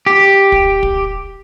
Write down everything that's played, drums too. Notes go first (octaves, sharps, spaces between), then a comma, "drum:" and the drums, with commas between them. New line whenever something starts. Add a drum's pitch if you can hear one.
G4
drum: kick
drum: kick